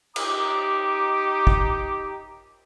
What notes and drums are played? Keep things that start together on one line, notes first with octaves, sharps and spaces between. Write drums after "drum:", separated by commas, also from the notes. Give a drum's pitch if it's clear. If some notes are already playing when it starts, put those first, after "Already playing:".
D#4 G4 A#5 D6, drum: cymbal
drum: kick